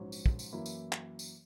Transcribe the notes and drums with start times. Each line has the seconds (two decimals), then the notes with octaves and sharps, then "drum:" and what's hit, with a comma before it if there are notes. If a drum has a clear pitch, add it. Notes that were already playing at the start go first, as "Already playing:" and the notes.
Already playing: A#1 G#2 F#3 C#4
0.12 drum: tambourine
0.26 drum: kick
0.39 drum: tambourine
0.53 F#2 E3 A#3 E4
0.66 drum: tambourine
0.92 drum: clap
1.19 drum: tambourine